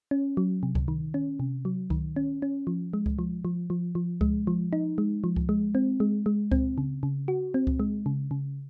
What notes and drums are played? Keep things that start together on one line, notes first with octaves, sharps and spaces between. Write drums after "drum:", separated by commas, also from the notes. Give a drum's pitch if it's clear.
C#4
F#3
C3
drum: kick C#2
D#3
C#4
C3
F#3
D#3, drum: kick C#2
C#4
C#4
F3
G#3
drum: kick C#2
F3
F3
F3
F3
G#3, drum: kick C#2
F3
D#4
G#3
F3
drum: kick C#2
G#3
C4
G#3
G#3
C4, drum: kick C#2
C#3
C#3
F#4
C4
drum: kick C#2
G#3
C#3
C#3